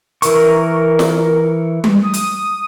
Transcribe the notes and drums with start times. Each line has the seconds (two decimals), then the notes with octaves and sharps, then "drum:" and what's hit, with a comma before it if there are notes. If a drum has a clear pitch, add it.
0.22 E3 A#4 C#6, drum: hi-hat
0.99 drum: snare
1.84 drum: tom G3
2.02 D#6
2.14 drum: hi-hat